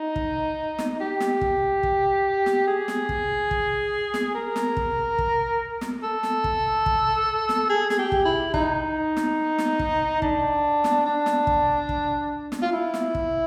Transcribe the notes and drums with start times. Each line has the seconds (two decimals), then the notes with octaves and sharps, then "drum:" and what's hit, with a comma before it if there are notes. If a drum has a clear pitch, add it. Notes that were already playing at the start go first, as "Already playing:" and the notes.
Already playing: D#4
0.16 drum: kick
0.79 drum: snare
1.00 G4
1.20 drum: snare
1.41 drum: kick
1.83 drum: kick
2.46 drum: snare
2.67 G#4
2.88 drum: snare
3.09 drum: kick
3.51 drum: kick
4.14 drum: snare
4.34 A#4
4.56 drum: snare
4.77 drum: kick
5.18 drum: kick
5.81 drum: snare
6.02 A4
6.23 drum: snare
6.44 drum: kick
6.86 drum: kick
7.49 drum: snare
7.69 G#4
7.90 G#4, drum: snare
7.98 G4
8.12 drum: kick
8.25 E4
8.54 D#4, drum: kick
9.17 drum: snare
9.58 drum: snare
9.79 drum: kick
10.22 D4, drum: kick
10.84 drum: snare
11.06 D4
11.26 drum: snare
11.47 drum: kick
11.89 drum: kick
12.52 drum: snare
12.62 F4
12.72 E4
12.94 drum: snare
13.15 drum: kick